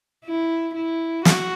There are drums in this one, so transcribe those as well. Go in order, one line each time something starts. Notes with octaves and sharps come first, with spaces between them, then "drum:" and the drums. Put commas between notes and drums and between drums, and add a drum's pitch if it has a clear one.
E4
E4
F#4, drum: snare